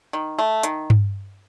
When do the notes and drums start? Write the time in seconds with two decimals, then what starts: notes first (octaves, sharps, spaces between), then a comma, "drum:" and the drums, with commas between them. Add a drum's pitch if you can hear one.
0.13 D#3
0.39 A3
0.63 D#3, drum: hi-hat
0.90 drum: tom G2